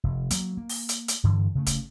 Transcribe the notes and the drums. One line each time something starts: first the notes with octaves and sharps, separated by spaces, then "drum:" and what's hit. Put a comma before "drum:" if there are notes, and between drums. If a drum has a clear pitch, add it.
F1
F#3 A#3, drum: hi-hat
A#3
drum: open hi-hat
drum: hi-hat
drum: hi-hat
G2 D3 E3
C#3 A3
drum: kick, hi-hat